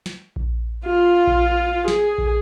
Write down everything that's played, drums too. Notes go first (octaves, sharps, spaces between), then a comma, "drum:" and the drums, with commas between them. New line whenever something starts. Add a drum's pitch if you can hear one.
drum: snare
drum: kick A#1
F4
drum: kick A#1
G#4, drum: snare
drum: kick A#1